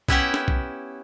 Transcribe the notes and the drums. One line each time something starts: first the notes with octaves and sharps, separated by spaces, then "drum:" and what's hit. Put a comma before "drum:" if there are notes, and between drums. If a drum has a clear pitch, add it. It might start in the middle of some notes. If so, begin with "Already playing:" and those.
B3 C#4 E4 G4 E5 F#5, drum: kick
drum: snare
drum: kick